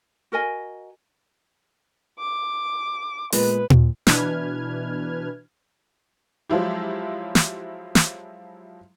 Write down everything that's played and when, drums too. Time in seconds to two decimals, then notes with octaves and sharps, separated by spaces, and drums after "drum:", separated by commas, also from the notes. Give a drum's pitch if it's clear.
0.32 F#4 A#4 D#5 G#5
2.19 D6
3.32 A#2 G#3 B3 B4, drum: open hi-hat
3.70 drum: tom A#2
4.07 B2 E3 D4 B4 F6 G#6, drum: snare
6.50 F3 F#3 G#3 E4 F4 G4
7.35 drum: snare
7.95 drum: snare